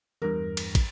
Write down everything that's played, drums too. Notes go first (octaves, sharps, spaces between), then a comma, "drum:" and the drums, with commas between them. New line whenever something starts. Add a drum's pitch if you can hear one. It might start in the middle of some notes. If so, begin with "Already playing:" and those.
E2 G2 A#4
drum: cymbal
drum: kick, cymbal